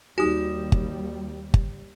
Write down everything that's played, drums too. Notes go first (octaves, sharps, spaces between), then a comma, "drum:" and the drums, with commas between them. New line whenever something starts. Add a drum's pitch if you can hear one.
D#2 G3 D#4 F#4 G4 G#5 D#6
drum: kick G1
drum: kick G1